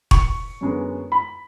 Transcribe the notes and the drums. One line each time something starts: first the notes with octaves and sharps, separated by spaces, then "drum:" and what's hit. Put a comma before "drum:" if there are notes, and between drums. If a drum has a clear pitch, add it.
C#6, drum: kick
F#2 D3 G#3 B3
B5